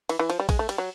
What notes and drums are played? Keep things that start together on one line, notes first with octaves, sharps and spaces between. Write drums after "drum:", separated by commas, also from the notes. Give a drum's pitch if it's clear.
E3, drum: cymbal
E3
F3, drum: cymbal
G3
G#3, drum: kick, cymbal
A3
G3, drum: cymbal
F#3